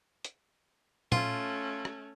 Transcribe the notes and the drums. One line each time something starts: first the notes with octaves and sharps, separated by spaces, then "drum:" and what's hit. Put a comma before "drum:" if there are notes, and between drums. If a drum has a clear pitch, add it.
drum: hi-hat
A3 C#4 F4, drum: tom
drum: rim click